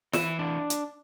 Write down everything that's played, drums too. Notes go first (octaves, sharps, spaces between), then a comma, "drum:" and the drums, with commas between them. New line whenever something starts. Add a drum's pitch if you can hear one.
E3 E5, drum: snare
D4
drum: hi-hat